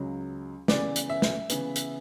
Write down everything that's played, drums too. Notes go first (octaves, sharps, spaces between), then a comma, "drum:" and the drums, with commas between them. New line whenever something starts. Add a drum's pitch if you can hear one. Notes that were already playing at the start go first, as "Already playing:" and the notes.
Already playing: C#2 C#3 F#3
C#3 E3 B3 D5, drum: snare
drum: hi-hat
E5
drum: snare
C#3 E3 B3, drum: hi-hat
drum: hi-hat